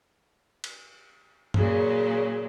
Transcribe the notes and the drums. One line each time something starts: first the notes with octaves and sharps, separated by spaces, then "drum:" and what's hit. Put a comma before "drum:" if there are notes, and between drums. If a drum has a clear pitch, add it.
drum: cymbal
A#2 C#3 F#3, drum: tom G2